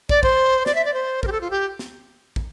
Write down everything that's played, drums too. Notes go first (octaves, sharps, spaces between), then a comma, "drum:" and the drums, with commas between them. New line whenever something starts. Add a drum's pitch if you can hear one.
D5, drum: kick
C5, drum: kick
D5, drum: snare
E5
D5
C5
A#4, drum: kick
G4
A4
F4
G4
drum: snare
drum: kick